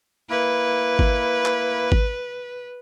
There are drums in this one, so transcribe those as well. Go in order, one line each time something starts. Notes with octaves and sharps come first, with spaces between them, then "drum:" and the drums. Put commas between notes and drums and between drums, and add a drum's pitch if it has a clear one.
A#3 E4 B4
drum: kick G#1
drum: clap
drum: kick G#1